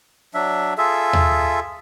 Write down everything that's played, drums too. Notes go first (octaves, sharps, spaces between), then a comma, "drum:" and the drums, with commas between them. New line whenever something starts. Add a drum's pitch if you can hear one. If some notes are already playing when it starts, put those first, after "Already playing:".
F#3 D4 E5
F4 G#4 A4 E5
drum: tom D#2